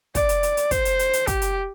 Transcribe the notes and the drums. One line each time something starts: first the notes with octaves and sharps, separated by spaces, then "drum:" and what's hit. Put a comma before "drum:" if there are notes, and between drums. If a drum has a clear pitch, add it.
D5, drum: kick, hi-hat
drum: hi-hat
drum: hi-hat
drum: hi-hat
C5, drum: kick, hi-hat
drum: hi-hat
drum: hi-hat
drum: hi-hat
G4, drum: kick, hi-hat
drum: hi-hat